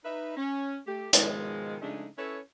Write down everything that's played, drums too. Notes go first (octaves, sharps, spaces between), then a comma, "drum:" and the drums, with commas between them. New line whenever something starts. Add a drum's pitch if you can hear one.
D#4 B4 E5
C#4
A3 G4
G#2 B2 D#3 F3 G#3, drum: hi-hat
C#3 F3 G#3 A3 D4 D#4
C#4 E4 A4 B4 C#5